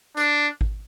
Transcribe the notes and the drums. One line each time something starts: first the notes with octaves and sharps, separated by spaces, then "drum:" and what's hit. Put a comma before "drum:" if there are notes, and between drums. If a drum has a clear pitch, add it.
D4, drum: hi-hat
drum: kick G#1